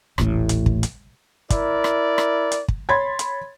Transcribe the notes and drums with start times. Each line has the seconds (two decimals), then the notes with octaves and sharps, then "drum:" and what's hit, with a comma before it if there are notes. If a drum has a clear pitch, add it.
0.18 D#1 A1 A2, drum: rim click
0.49 drum: hi-hat
0.66 drum: kick
0.83 drum: hi-hat
1.50 E4 A#4 D5, drum: kick, hi-hat
1.84 drum: rim click
2.18 drum: rim click
2.52 drum: hi-hat
2.68 drum: kick
2.89 C#5 B5 C6 G#6 A6
3.19 drum: hi-hat